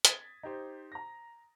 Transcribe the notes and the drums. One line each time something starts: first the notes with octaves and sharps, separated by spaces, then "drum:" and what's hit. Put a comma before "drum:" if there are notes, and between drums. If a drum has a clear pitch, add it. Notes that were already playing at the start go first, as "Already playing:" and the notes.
D#6 G#6 A6 B6, drum: hi-hat
D#4 G4 C5
A#5 A#6